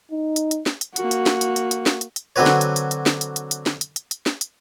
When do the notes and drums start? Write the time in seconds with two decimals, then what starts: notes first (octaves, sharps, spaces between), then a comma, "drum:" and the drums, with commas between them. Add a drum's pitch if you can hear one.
0.11 D#4
0.36 drum: hi-hat
0.51 drum: hi-hat
0.66 drum: snare
0.81 drum: hi-hat
0.96 A#3 F#4, drum: hi-hat
1.11 drum: hi-hat
1.26 drum: snare
1.41 drum: hi-hat
1.56 drum: hi-hat
1.71 drum: hi-hat
1.86 drum: snare
2.01 drum: hi-hat
2.16 drum: hi-hat
2.36 D3 F#3 C4 F#4 B4 C#5
2.46 drum: snare
2.61 drum: hi-hat
2.76 drum: hi-hat
2.91 drum: hi-hat
3.06 drum: snare
3.21 drum: hi-hat
3.36 drum: hi-hat
3.51 drum: hi-hat
3.66 drum: snare
3.81 drum: hi-hat
3.96 drum: hi-hat
4.11 drum: hi-hat
4.26 drum: snare
4.41 drum: hi-hat